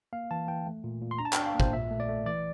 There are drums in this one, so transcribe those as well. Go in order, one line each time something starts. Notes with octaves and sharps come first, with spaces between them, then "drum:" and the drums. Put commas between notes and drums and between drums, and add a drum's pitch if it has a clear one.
A#3 F5
E3 A5
E3 G5
A3
A#2
A#2
C6
D4 A#5
A5
D4 G5, drum: clap
F5
A#3
C5, drum: kick
A#2 E5
A3
D5
A3
E3 D5